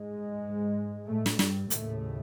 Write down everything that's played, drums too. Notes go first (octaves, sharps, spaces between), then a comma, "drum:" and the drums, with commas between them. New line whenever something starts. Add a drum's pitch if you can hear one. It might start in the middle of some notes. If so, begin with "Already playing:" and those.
Already playing: G#2 G#3
A2 A3
drum: snare
G2 G3, drum: snare
D#2 A2 C#3 A3, drum: hi-hat